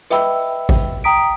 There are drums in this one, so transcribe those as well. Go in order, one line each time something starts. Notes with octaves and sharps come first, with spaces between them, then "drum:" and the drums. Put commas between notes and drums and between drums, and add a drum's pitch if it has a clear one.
B4 D#5 E5 G5 B5 E6, drum: rim click
drum: kick G#1
G5 A#5 D#6 B6 D7